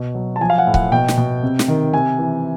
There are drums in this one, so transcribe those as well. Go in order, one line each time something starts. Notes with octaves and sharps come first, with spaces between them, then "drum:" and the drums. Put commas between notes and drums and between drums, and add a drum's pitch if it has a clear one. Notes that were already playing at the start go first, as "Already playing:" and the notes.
Already playing: B2
F#3
A5
F3 G#5
F5
F#5
A2
F#5, drum: kick C#1
B2 G5
drum: snare
B2
C3
drum: snare
D#3
C3 G#5
E3